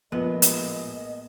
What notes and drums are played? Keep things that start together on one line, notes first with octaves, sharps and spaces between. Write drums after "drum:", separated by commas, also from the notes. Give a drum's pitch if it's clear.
A#1 A2 G#3 A#3 B3 D#5
drum: hi-hat